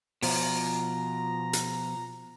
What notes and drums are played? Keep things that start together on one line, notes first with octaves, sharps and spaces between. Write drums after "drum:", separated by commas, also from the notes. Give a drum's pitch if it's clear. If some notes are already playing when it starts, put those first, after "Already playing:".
B2 F3 A#5, drum: open hi-hat
drum: hi-hat